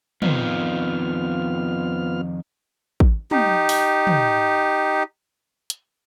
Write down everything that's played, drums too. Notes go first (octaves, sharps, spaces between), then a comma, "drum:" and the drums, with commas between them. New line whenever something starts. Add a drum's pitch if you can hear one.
F2 D#3 B3 F4 F6, drum: tom
drum: kick
D#4 G4, drum: tom
drum: open hi-hat
drum: tom
drum: hi-hat